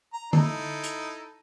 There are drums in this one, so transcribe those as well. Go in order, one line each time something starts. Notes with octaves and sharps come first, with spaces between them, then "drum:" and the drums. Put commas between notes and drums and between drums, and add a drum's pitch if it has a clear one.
A#5
D#4 E4 A4, drum: tom D3
drum: hi-hat